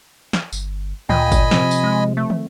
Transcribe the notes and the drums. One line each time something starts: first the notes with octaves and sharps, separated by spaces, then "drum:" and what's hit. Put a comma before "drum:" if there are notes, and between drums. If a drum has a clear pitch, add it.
drum: snare
G1, drum: tambourine
D2 A#2 D#5 G5 G#5 B5, drum: tom
drum: kick G1, tambourine
C3 F3 C4, drum: snare
drum: tambourine
G#3
A3
drum: tom